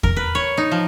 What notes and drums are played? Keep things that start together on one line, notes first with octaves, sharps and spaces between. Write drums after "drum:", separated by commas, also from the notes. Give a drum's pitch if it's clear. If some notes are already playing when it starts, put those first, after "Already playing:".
A#4, drum: kick E2
B4
C#5
D#4
F3